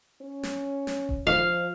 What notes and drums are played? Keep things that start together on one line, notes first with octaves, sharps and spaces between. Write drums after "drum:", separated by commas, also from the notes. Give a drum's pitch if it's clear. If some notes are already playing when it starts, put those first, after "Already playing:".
C#4
drum: snare
drum: snare
drum: kick D#1
F3 F5